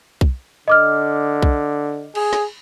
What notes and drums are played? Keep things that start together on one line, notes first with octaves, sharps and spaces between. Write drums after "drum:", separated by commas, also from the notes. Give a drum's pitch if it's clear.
drum: kick B1
D3 D#5 D6 F6
drum: kick B1
G#4, drum: cymbal
drum: snare